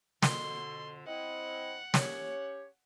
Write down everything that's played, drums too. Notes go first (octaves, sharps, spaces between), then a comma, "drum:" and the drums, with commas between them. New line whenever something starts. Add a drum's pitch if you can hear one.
F2 B2 D3 C6, drum: snare
C4 E4 D#5 F#5
C#4 G4 C#5, drum: snare